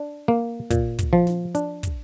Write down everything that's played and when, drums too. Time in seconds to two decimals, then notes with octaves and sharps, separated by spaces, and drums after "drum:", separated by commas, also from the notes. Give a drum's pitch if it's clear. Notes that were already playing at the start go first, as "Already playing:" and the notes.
Already playing: D4
0.28 A#3
0.71 A#2, drum: kick, hi-hat
0.99 drum: kick, hi-hat
1.13 F3
1.27 drum: snare
1.55 D4, drum: hi-hat
1.83 drum: kick, hi-hat